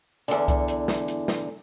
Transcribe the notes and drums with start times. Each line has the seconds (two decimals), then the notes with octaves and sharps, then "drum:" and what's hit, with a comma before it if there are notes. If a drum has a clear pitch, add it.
0.28 E2 D3, drum: hi-hat
0.48 drum: kick C2, hi-hat
0.68 drum: hi-hat
0.88 drum: snare
1.08 drum: hi-hat
1.28 drum: snare